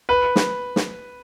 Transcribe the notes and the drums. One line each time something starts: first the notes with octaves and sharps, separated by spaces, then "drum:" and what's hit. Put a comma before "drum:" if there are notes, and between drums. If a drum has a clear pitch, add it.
B4
drum: snare
drum: snare